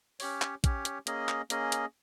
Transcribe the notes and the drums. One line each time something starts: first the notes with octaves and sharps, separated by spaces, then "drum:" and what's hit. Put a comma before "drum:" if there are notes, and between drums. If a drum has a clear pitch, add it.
C#4 G4 C#5, drum: open hi-hat
drum: clap
C#4 G4 C#5, drum: kick, hi-hat
drum: hi-hat
A#3 C#4 G#4 D#5, drum: hi-hat
drum: clap
A#3 C#4 G#4 D#5, drum: hi-hat
drum: hi-hat